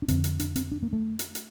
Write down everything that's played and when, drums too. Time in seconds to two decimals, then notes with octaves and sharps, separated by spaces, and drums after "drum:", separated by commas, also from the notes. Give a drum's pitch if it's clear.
0.02 D4
0.08 F2 D3 C4, drum: hi-hat
0.24 drum: hi-hat
0.40 D4, drum: hi-hat
0.56 C4, drum: hi-hat
0.72 D4
0.83 A#3
0.93 A3
1.19 drum: hi-hat
1.35 drum: hi-hat